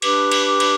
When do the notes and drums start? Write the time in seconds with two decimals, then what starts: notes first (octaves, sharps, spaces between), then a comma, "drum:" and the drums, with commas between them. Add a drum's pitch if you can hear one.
0.02 D4 G4 B4 D6, drum: cymbal
0.31 drum: cymbal
0.46 D6
0.60 drum: cymbal